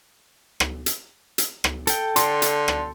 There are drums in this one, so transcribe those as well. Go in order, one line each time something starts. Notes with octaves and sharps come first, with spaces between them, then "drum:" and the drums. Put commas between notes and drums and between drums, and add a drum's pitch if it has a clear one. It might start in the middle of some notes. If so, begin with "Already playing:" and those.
drum: rim click
drum: hi-hat
drum: hi-hat
drum: rim click
A4 G5, drum: hi-hat
D3 C6, drum: hi-hat
drum: hi-hat
drum: rim click